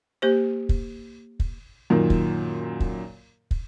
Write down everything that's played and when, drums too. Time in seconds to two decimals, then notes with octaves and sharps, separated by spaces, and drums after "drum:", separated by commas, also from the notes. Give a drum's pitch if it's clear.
0.22 A#3 G4 C5
0.69 drum: kick
1.40 drum: kick
1.90 F#2 A#2 D#3
2.10 drum: kick
2.80 drum: kick
3.51 drum: kick